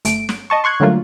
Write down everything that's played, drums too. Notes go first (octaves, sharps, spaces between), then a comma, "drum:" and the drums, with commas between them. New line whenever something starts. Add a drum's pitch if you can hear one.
G1 A3 D7, drum: hi-hat
drum: snare
D#5 A5 C#6
C6 C#6 F#6 G#6
D3 F#3 G3 A3 A#3 F4